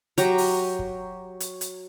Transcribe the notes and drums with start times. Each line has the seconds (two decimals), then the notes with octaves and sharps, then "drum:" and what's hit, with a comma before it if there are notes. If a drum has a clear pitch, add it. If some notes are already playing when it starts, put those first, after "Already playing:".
0.18 F#3 G4 A#5, drum: hi-hat
0.38 drum: open hi-hat
0.79 drum: kick
1.40 drum: hi-hat
1.61 drum: hi-hat